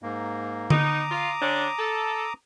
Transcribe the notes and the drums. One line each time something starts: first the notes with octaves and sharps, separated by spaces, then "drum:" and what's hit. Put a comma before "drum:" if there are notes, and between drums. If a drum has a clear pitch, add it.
G#2 A#3
B3 D#4 A#5 D6 D#6, drum: tom D3
F4
D3 C#4 D4
A4